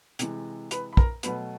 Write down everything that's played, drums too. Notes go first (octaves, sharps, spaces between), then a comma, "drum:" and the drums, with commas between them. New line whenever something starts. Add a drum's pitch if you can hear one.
C3 E3 G#3, drum: hi-hat
B4 B5, drum: hi-hat
B5
A#4 A#5, drum: kick
B2 F#3 A3 B4 B5, drum: hi-hat